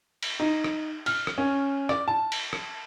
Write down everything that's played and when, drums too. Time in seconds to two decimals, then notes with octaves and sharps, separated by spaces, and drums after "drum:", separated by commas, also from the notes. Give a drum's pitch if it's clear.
0.23 drum: cymbal
0.40 D#4
0.64 drum: rim click
1.06 F6, drum: cymbal
1.27 drum: rim click
1.38 C#4
1.89 D5, drum: rim click
2.08 A5
2.32 drum: cymbal
2.53 drum: rim click